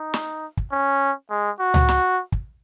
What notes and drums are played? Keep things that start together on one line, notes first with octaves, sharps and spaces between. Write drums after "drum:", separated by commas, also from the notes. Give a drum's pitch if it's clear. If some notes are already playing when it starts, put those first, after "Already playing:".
Already playing: D#4
drum: snare
drum: kick
C#4
G#3
F#4
drum: tom C#2
drum: snare
drum: kick